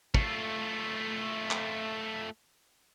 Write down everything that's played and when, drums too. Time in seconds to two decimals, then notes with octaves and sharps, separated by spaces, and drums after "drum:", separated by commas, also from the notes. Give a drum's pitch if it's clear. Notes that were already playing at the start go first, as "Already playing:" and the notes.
0.14 A3 F4, drum: kick
1.51 drum: clap